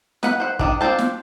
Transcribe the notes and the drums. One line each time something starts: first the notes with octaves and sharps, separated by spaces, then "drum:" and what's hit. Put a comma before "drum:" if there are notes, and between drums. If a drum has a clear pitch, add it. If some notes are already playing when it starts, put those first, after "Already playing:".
B4 F#5 B5, drum: snare
C5 F#5
D#3 F3 D4, drum: kick
C4 D4 F4 C5 A5
drum: snare